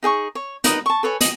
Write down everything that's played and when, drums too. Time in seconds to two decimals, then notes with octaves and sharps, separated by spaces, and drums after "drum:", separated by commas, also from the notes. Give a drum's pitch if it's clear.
0.03 D#4 G#4 G5 C#6
0.35 C#5
0.64 D#4 A#4 B4 D#5, drum: hi-hat
0.86 A5 C#6
1.03 A4 B4 C#5 G#5
1.21 D#5, drum: hi-hat